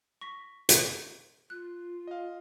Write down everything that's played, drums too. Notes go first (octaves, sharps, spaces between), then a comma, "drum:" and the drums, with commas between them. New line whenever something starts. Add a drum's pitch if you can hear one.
C#6 A#6 B6
drum: hi-hat
F4 F#6
D#5 F5